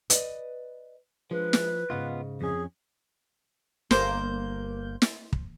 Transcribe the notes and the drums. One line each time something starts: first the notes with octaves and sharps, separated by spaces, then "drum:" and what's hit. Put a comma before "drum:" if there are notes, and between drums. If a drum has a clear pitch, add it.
B4 D5 D#5, drum: hi-hat
F3 G#3 D4 B4
drum: snare
G#2 C#3 B3 F4 D#5
F2 C#4 G#4
G1 A#3 C5 G6, drum: snare
drum: snare
drum: kick